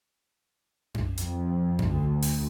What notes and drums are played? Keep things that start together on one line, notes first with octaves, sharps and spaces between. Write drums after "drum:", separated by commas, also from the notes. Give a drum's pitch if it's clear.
drum: tom F#2
F2, drum: hi-hat
drum: tom F#2
D2
drum: open hi-hat